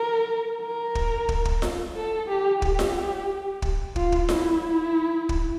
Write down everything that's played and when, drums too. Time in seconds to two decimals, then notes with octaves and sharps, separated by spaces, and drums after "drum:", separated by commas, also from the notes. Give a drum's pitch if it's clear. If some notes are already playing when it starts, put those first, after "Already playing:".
Already playing: A#4
0.63 A#4
0.95 drum: kick
1.29 drum: kick
1.45 drum: kick
1.62 drum: snare F4
1.96 A4
2.28 G4
2.62 G4, drum: kick
2.79 drum: snare F4
3.62 drum: kick
3.96 F4, drum: kick
4.12 drum: kick
4.29 E4, drum: snare F4
5.29 drum: kick